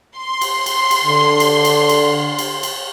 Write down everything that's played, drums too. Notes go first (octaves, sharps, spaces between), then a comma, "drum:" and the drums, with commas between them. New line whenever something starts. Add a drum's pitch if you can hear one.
C6
drum: cymbal
drum: cymbal
drum: cymbal
D3
drum: cymbal
drum: cymbal
drum: cymbal
drum: cymbal
drum: cymbal